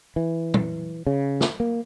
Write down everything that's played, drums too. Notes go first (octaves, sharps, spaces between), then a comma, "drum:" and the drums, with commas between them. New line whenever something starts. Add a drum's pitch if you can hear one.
E3
drum: tom A#2
C#3
drum: snare
A#3